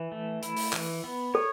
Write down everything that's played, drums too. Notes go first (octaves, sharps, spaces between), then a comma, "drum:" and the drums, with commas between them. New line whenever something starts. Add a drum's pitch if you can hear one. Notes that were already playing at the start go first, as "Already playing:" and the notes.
Already playing: E3
A3
E4, drum: hi-hat
drum: open hi-hat
E3, drum: clap
B3
A4 C#5